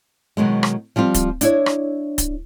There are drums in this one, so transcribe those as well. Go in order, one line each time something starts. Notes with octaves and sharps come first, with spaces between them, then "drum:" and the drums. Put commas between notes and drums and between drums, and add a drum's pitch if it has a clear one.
B2 D#3 F#3 G#3
drum: rim click
F3 G3 C4 F4
drum: kick D1, hi-hat
D4 E4 C#5, drum: hi-hat
drum: rim click
drum: kick D1, hi-hat